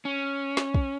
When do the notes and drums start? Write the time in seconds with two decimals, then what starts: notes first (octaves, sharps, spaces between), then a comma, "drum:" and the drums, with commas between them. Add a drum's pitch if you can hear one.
0.05 C#4
0.57 drum: snare
0.74 drum: kick